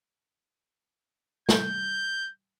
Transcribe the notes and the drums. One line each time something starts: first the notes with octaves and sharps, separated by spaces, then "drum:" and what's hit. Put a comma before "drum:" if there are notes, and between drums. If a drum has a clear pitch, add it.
G6, drum: snare